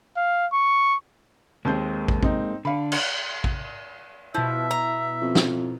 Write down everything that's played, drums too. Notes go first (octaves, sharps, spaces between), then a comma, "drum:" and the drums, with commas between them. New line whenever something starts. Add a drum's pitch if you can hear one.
F5
C#6
D#2 G#3 A#3 C4 G6
drum: kick
C4 D#4, drum: kick
D3 D4 F5 B5
drum: cymbal
drum: kick
B2 F3 E4 E5
A#5
F2
drum: snare